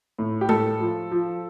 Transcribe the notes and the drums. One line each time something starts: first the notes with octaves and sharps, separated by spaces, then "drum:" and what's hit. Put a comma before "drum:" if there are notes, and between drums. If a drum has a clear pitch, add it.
A2
G4
A2 A4, drum: tom G#3
F3
F3